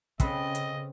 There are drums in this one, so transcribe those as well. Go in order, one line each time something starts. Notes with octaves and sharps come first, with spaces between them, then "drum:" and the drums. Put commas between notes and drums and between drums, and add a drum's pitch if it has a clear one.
C#3 C4 A4 B4 D#5, drum: kick, hi-hat
drum: hi-hat